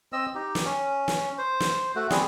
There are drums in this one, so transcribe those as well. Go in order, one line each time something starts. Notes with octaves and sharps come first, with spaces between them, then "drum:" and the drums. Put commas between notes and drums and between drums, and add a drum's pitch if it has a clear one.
C4 D#5 E6
D#4 G4
drum: snare
C#4
drum: snare
C5
drum: snare
A3 F#4
G3 B3 C4 G#4, drum: snare